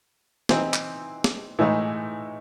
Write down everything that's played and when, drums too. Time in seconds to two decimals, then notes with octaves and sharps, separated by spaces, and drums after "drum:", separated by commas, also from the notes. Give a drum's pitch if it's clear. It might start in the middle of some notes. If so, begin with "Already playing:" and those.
0.49 E3 C4 D#4, drum: snare
0.74 drum: clap
1.24 drum: snare
1.59 A2 E3 G#3 D#4